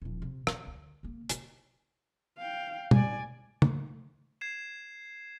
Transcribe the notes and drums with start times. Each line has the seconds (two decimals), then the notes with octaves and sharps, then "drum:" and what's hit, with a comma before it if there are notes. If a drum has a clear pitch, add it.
0.02 D#1 F3
0.22 C3
0.47 D3, drum: rim click
0.67 D2
1.03 C#3 A#3
1.29 C#3, drum: hi-hat
2.38 F5 G5
2.91 D5 G#5, drum: tom
3.62 drum: tom
4.41 G#6 C7 E7